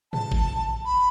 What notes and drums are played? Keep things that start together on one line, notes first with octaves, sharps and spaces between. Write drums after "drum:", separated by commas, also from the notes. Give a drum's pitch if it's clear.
A5, drum: tom
drum: kick
B5